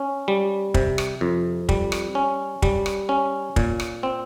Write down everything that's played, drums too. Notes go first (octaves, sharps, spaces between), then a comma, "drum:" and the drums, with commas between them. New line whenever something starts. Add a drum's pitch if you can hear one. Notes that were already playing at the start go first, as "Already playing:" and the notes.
Already playing: C#4
G3
C3, drum: kick
drum: rim click
F2
G3, drum: kick
drum: rim click
C#4
G3, drum: kick
drum: rim click
C#4
A#2, drum: kick
drum: rim click
C4